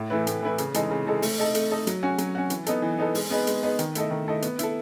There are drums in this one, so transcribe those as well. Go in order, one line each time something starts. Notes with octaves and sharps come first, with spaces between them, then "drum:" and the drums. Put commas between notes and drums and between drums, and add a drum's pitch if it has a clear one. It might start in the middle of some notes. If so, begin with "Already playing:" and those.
Already playing: A2
E3 A3 E4 B4
A2, drum: hi-hat
E3 A3 E4 B4
C#3, drum: hi-hat
E3 G#3 D#4 A4, drum: hi-hat
C#3
E3 G#3 D#4 A4
A3, drum: open hi-hat
D#4 A4 D#5
A3, drum: hi-hat
D#4 A4 D#5
F#3, drum: hi-hat
C#4 F#4
F#3, drum: hi-hat
C#4 F#4
E3, drum: hi-hat
B3 D#4 A4, drum: hi-hat
E3
B3 D#4 A4
G#3, drum: open hi-hat
B3 D#4 G#4 B4
G#3, drum: hi-hat
B3 D#4 G#4 B4
D#3, drum: hi-hat
A3 E4 A4 D#5, drum: hi-hat
D#3
A3 E4 A4 D#5
B3, drum: hi-hat
E4 A4, drum: hi-hat